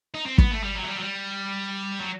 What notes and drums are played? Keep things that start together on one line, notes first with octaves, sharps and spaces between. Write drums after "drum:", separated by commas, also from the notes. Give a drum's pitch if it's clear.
D#4
C4
B3, drum: kick
A3
G3
F#3
A3
G3
F#3
G3
F#3